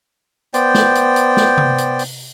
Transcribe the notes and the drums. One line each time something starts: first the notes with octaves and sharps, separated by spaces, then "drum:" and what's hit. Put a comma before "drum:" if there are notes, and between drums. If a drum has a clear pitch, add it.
B3 C5 D5 G5, drum: hi-hat
drum: snare
drum: hi-hat
drum: hi-hat
drum: snare
drum: tom C3
drum: hi-hat
drum: open hi-hat